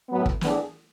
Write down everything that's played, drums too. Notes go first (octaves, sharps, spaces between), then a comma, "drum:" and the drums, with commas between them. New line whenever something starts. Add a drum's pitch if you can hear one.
A2 F#3 B3
drum: kick
A2 E3 B3 D4 G#4, drum: snare